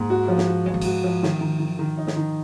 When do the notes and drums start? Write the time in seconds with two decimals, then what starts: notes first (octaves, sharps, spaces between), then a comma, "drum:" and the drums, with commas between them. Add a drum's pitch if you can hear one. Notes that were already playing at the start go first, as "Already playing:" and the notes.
Already playing: G#2 A#3
0.10 F#4
0.28 F3
0.38 drum: snare
0.47 F#4
0.66 F3 G#3
0.74 F#3
0.81 G#3 F#4, drum: cymbal
1.04 F3
1.23 D#3, drum: snare
1.41 D#3
1.60 D#3
1.79 B2 D#3
1.98 D#4
2.07 drum: snare
2.16 D#3